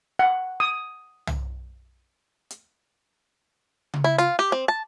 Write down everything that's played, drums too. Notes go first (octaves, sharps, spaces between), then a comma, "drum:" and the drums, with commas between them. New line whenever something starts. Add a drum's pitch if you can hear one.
F#5
D#6
drum: tom
drum: hi-hat
drum: tom C#3
E4
F4, drum: hi-hat
G4
C4
A5